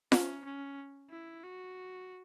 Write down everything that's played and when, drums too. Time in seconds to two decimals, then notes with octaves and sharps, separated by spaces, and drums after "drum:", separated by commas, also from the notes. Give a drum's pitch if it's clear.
0.12 C#4, drum: snare F4
0.45 C#4
1.10 E4
1.44 F#4